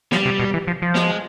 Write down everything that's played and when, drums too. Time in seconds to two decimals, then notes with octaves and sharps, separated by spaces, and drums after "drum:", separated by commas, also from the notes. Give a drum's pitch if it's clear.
0.12 F3 G3, drum: snare
0.25 C3
0.40 B2
0.54 E3
0.67 F3
0.82 F3
0.95 G#3, drum: snare